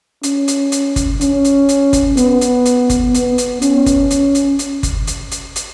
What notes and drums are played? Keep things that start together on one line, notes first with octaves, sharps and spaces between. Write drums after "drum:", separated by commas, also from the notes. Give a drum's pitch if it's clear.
C#4, drum: hi-hat
drum: hi-hat
drum: hi-hat
drum: kick G1, hi-hat
C#4, drum: hi-hat
drum: hi-hat
drum: hi-hat
drum: kick G1, hi-hat
B3, drum: hi-hat
drum: hi-hat
drum: hi-hat
drum: kick G1, hi-hat
B3, drum: hi-hat
drum: hi-hat
C#4, drum: hi-hat
drum: kick G1, hi-hat
drum: hi-hat
drum: hi-hat
drum: hi-hat
drum: kick G1, hi-hat
drum: hi-hat
drum: hi-hat
drum: hi-hat